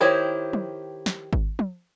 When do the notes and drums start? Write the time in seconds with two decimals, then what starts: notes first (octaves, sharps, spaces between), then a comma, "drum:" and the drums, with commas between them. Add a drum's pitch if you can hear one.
0.01 D#3 E4 G4 C5 C#5
0.53 drum: tom
1.06 drum: snare
1.33 drum: kick G#1
1.59 drum: tom